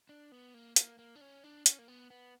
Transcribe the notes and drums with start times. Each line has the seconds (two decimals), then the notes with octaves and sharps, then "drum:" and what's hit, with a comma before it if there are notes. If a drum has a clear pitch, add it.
0.09 D4
0.32 B3
0.54 A#3
0.76 A#3, drum: hi-hat
0.99 A#3
1.16 D4
1.21 C#4
1.44 D4
1.66 C#4, drum: hi-hat
1.79 A#3
1.88 B3
2.10 B3